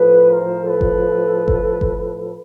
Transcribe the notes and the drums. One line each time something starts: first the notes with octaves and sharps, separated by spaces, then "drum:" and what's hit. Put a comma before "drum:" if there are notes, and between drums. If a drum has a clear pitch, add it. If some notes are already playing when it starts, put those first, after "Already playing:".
Already playing: A2 F3 A4 B4
A#4 C5
A4 B4
drum: kick G1
drum: kick G1
drum: kick G1